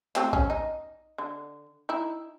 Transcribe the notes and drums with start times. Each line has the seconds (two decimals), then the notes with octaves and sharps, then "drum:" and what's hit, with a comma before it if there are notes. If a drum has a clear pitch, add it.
0.15 A3 C4 F4, drum: hi-hat
0.33 C#4, drum: kick A#1
0.50 D#4
1.18 D3
1.89 D#4 E4